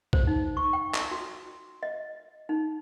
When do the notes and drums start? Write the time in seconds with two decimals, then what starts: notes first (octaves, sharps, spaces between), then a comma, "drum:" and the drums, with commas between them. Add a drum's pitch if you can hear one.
0.13 C5, drum: kick
0.27 D#4
0.57 C#6
0.73 G5
0.94 drum: clap
1.11 F#4
1.83 D#5
2.49 D#4